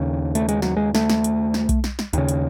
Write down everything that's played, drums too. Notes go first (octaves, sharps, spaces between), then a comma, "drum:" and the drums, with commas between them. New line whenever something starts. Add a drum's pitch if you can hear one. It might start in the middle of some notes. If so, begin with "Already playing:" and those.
Already playing: D#2 C#3
A3, drum: hi-hat
G#3, drum: hi-hat
F#3, drum: snare
G#3
A3, drum: snare
drum: snare
drum: hi-hat
drum: snare
drum: kick B1, hi-hat
drum: snare
drum: snare
D#2 C#3, drum: hi-hat
drum: hi-hat